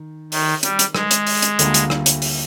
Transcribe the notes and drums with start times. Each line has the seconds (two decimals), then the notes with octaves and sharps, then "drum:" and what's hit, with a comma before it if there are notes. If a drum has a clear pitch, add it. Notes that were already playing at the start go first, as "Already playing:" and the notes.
Already playing: D#3
0.32 D#3, drum: open hi-hat
0.63 G3, drum: hi-hat
0.79 drum: hi-hat
0.95 G#3, drum: rim click
1.11 drum: hi-hat
1.27 drum: open hi-hat
1.42 drum: hi-hat
1.59 D2 D3 G3 A#3 F4, drum: hi-hat
1.74 drum: hi-hat
1.90 drum: rim click
2.06 drum: hi-hat
2.22 drum: open hi-hat